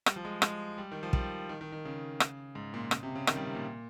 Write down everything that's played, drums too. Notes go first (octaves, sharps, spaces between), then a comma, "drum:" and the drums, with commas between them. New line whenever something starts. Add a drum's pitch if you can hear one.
G3, drum: rim click
F3
G#3
G#3, drum: rim click
G3
D#3
F3
G3, drum: kick
D#3
D#3
D#3
C#3
drum: rim click
G#2
A#2
C#3, drum: rim click
C3
C#3
D#3, drum: rim click
G3
C3
A#2